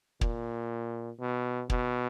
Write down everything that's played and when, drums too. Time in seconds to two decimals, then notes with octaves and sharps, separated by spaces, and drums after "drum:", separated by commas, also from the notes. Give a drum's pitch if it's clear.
0.21 A#2, drum: kick
1.19 B2
1.70 B2, drum: kick